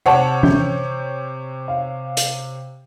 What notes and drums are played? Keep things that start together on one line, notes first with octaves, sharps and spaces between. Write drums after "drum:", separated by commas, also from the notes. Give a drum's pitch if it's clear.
C3 C#5 F#5 A5
G6, drum: tom
F5
drum: hi-hat